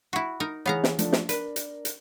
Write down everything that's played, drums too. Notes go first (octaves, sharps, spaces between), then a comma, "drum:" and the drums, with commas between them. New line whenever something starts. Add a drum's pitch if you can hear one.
E4 F#4
D#4 A#4
E3 B3 G#4 C#5 F5 A#5
drum: snare
F3 A3 D4, drum: hi-hat
drum: snare
D4 A#4 B4 D5, drum: hi-hat
drum: hi-hat
drum: hi-hat